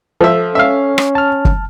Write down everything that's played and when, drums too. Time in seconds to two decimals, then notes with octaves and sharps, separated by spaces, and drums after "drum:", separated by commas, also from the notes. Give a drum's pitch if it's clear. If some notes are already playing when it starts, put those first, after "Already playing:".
0.21 F3 A4 E5
0.55 C#4 E5 F5
0.98 drum: rim click
1.15 A5 F6
1.45 drum: kick